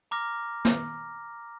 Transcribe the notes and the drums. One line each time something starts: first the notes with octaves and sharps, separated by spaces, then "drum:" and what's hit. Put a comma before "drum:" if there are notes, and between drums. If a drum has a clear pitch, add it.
A#5 D6 F6 A#6
drum: snare